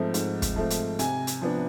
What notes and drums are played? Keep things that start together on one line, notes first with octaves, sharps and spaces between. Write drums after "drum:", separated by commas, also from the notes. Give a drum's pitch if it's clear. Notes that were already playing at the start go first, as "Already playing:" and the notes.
Already playing: G#2 F3 A3 C4
G#2, drum: hi-hat
drum: kick, hi-hat
F3 A3 C4
drum: hi-hat
C3 G#5, drum: hi-hat
drum: hi-hat
F3 B3 D4